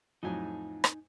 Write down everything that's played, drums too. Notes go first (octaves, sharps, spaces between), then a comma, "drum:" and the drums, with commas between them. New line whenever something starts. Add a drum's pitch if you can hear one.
F2 A2 F#3 D#4 G#5
drum: rim click